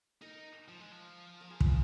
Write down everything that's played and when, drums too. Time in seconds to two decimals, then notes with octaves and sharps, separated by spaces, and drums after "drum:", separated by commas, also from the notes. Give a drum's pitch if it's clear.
0.22 D#4 A#4
0.68 F3
0.80 G#3
0.92 F3
1.41 A#4
1.50 G#4
1.61 F4, drum: kick